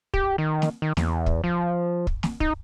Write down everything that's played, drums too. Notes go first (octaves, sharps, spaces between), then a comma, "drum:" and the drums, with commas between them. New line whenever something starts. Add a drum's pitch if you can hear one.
G4, drum: kick
D#3
drum: snare
D#3
E2, drum: snare
drum: kick
F3
drum: kick
drum: snare
D#4, drum: kick